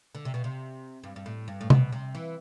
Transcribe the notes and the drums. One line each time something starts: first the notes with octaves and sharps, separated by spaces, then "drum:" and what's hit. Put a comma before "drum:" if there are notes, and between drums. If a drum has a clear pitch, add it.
D3
C3
B2
C3
G2
G2
A2
G2
A2
B2, drum: tom C3
C3
E3